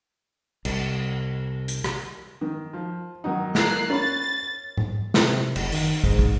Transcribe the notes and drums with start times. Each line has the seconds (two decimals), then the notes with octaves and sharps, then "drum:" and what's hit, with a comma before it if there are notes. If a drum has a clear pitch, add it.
0.65 C2, drum: cymbal
1.68 drum: hi-hat
1.84 drum: rim click
2.41 D#3
2.73 F3
3.24 D#3 F#3 D#4
3.55 A#3 F#6 C7, drum: snare
3.90 C#4 B5 A6
4.77 drum: tom G#2
5.14 C3, drum: snare
5.56 F#1, drum: cymbal
5.72 D#3, drum: open hi-hat
6.04 G#2, drum: kick
6.19 drum: kick